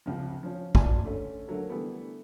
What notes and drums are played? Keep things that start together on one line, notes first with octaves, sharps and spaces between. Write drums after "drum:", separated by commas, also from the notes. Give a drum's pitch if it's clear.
C#2 C3 F3
F3 C#4
D5 G#5 A5 C6, drum: kick
D3 A3 C#4
D3 F#3 A3 A#3
D3 E3 G3 A3 B3